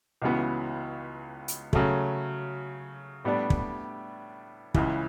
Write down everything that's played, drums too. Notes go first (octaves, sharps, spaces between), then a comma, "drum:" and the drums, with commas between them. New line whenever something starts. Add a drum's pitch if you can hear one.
C#2 C#3 E3 B3 F#4
drum: hi-hat
C#3 F#3 A3, drum: kick
A2 G3 B3 D4
drum: kick
C#2 C#3 E3, drum: kick